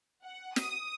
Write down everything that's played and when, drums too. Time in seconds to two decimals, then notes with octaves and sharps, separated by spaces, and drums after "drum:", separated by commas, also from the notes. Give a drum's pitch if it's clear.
0.23 F#5
0.56 D#6, drum: snare